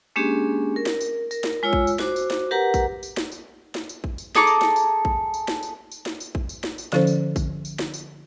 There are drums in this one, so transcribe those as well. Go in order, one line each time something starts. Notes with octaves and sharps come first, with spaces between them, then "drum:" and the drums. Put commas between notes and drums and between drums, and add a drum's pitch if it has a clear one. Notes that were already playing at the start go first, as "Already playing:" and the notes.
G#3 A#3 C#4 D4 G4 G#4
A#4
drum: snare
drum: tambourine
A#4, drum: tambourine
drum: snare
G#3 F4 C#5 E6
drum: kick
drum: tambourine
F#4 C5 D6, drum: snare
drum: tambourine
drum: snare
G4 A#4 B4 F#5 A#5
drum: kick, tambourine
drum: tambourine
drum: snare
drum: tambourine
drum: snare
drum: tambourine
drum: kick
drum: tambourine
G#4 A4 A#5 D6, drum: snare
drum: tambourine
drum: snare
drum: tambourine
drum: kick
drum: tambourine
drum: snare
drum: tambourine
drum: tambourine
drum: snare
drum: tambourine
drum: kick
drum: tambourine
drum: snare
drum: tambourine
D3 F3 C#4 A4 C5, drum: snare
drum: tambourine
drum: kick, tambourine
drum: tambourine
drum: snare
drum: tambourine